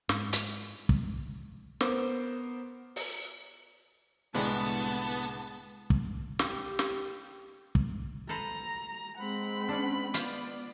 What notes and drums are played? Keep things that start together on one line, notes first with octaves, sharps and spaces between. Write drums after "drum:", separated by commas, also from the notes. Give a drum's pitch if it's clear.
G#2, drum: snare
drum: hi-hat
drum: kick
B3 A#4 C5 D6, drum: snare
drum: open hi-hat
C2 A2 D3 G#3 B3 G#4 B4 A5
drum: kick
G4, drum: snare
drum: snare
drum: kick
A4 B4 C5 A#5
G#3 C4 F#5 B5
C#4 D4
B3 F4 C5 D5, drum: hi-hat